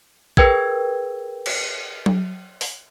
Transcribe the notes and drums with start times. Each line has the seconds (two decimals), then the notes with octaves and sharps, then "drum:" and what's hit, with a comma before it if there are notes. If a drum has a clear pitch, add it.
0.37 G#4 A#4 B4 G5 E6 G#6, drum: kick
1.46 drum: cymbal
2.06 drum: tom F#3
2.61 drum: open hi-hat